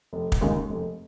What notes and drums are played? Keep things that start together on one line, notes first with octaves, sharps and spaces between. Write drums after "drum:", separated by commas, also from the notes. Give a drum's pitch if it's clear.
F1
drum: kick
D#2 C#3 G#3
F1